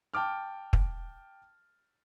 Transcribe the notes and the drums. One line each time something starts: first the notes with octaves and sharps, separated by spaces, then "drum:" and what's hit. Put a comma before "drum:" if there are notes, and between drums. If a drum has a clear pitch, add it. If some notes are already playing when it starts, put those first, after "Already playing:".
G5 A5 D6 F6
drum: kick